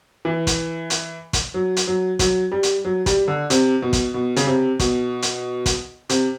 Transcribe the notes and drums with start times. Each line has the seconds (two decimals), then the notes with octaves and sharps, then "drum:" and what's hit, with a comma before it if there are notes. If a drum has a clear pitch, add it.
0.25 E3
0.47 drum: kick, hi-hat
0.90 drum: hi-hat
1.33 drum: kick, hi-hat
1.54 F#3
1.77 drum: hi-hat
1.87 F#3
2.19 F#3, drum: kick, hi-hat
2.52 G3
2.63 drum: hi-hat
2.85 F#3
3.06 G3, drum: kick, hi-hat
3.28 D3
3.50 C3, drum: hi-hat
3.82 B2
3.93 drum: kick, hi-hat
4.14 B2
4.36 C#3, drum: hi-hat
4.47 C3
4.80 B2, drum: kick, hi-hat
5.22 drum: hi-hat
5.66 drum: kick, hi-hat
6.09 C3, drum: hi-hat